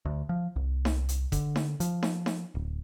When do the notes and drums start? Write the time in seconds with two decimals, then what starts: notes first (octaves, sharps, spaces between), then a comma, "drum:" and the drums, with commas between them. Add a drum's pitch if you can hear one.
0.05 D2
0.29 F3
0.56 C2
0.85 drum: snare D#4
1.09 drum: hi-hat
1.32 D3, drum: kick E1, hi-hat
1.56 drum: snare D#4
1.80 F3, drum: hi-hat
2.03 drum: snare D#4
2.26 drum: snare D#4
2.55 D1